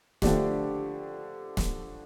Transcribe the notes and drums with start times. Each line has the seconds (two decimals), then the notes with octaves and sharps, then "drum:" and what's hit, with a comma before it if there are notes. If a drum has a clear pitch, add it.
0.22 D3 F3 A3 D4 G4, drum: snare
1.57 drum: snare